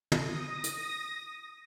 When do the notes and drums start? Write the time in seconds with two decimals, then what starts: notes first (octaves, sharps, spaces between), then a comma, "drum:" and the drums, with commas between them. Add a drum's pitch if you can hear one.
0.12 D#6 A#6, drum: tom
0.64 drum: hi-hat